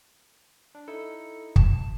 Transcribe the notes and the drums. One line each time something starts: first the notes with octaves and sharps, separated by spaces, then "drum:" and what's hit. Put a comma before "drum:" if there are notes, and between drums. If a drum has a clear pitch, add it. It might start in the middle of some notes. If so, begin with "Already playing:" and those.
D4
D#4 E4 A4
A5, drum: kick